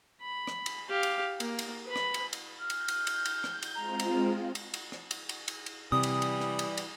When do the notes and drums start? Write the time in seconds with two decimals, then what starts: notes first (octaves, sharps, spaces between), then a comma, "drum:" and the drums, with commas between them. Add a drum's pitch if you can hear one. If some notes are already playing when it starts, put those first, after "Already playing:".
0.22 B5
0.47 drum: rim click
0.66 drum: cymbal
0.89 G4 F5
1.03 drum: cymbal
1.40 A#3, drum: cymbal
1.59 drum: cymbal
1.86 B4 B5
1.96 drum: rim click
2.14 drum: cymbal
2.33 drum: cymbal
2.60 F6 G6
2.70 drum: cymbal
2.88 drum: cymbal
3.07 drum: cymbal
3.25 drum: cymbal
3.44 drum: rim click
3.62 drum: cymbal
3.75 G#3 C4 F4 A#5
4.00 drum: cymbal
4.55 drum: cymbal
4.74 drum: cymbal
4.92 drum: rim click
5.11 drum: cymbal
5.29 drum: cymbal
5.48 drum: cymbal
5.66 drum: cymbal
5.92 C3 E3 G3 D#6
6.03 drum: cymbal
6.22 drum: cymbal
6.40 drum: rim click
6.59 drum: cymbal
6.77 drum: cymbal